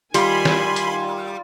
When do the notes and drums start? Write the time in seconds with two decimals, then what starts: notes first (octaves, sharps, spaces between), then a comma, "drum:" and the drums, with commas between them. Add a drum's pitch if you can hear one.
0.14 D#3 G3 F4 G#5 B5 C6, drum: hi-hat
0.45 drum: snare
0.76 drum: hi-hat